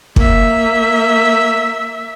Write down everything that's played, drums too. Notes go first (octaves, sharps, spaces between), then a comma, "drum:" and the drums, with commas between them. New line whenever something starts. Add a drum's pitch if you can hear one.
A#3 E5, drum: kick